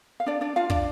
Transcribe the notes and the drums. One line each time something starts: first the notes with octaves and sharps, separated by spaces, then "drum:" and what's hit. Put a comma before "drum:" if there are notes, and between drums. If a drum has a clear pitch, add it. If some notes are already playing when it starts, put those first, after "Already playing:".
F5
D4 D5
D4 D5
F4 F5
D4 D5, drum: kick